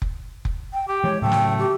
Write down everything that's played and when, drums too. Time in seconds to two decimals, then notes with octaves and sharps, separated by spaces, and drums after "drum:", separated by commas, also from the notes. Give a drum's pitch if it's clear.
0.02 drum: kick F1
0.45 drum: kick F1
0.73 G5
0.88 G4 G5
1.04 E3 G#3 C#5
1.22 A2 C#3 F#3 A3 G5
1.32 drum: snare
1.59 G4